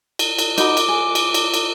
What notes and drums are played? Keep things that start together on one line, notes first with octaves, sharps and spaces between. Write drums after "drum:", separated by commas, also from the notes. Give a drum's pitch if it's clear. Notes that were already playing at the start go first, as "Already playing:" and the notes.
drum: cymbal
drum: cymbal
D#4 F#4 B5 D6, drum: cymbal
drum: cymbal
G#4
drum: cymbal
drum: cymbal
drum: cymbal